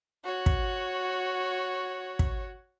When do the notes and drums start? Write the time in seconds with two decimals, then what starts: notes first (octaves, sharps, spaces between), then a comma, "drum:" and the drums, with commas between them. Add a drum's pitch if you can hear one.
0.25 F#4 C#5
0.46 drum: kick
2.19 drum: kick